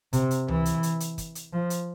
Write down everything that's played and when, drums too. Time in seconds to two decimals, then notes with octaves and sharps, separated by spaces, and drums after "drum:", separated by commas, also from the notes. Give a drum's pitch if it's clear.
0.13 C3, drum: kick, hi-hat
0.31 drum: hi-hat
0.48 E3, drum: tom C#2
0.65 drum: hi-hat
0.83 drum: hi-hat
1.00 drum: hi-hat
1.18 drum: kick, hi-hat
1.35 drum: hi-hat
1.53 F3
1.70 drum: hi-hat